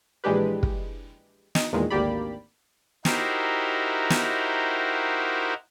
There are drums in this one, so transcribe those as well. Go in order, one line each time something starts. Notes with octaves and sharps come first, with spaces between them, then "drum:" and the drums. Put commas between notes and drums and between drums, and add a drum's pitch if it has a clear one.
A#1 E3 G#3 D4 G4 B4
drum: kick
D#4, drum: snare
E2 A#2 D#3 G#3
G#1 D2 A#3 G4 D5 B5
D#4 E4 F#4 G4 A#4 C5, drum: snare
drum: snare